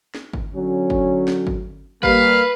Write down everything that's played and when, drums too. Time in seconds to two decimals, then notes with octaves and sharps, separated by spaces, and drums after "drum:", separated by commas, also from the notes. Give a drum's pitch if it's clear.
0.15 drum: snare
0.33 drum: kick G1
0.55 D3 F#3 C#4
0.90 drum: kick G1
1.28 drum: snare
1.47 drum: kick G1
2.03 G3 A#3 B4 F5, drum: kick G1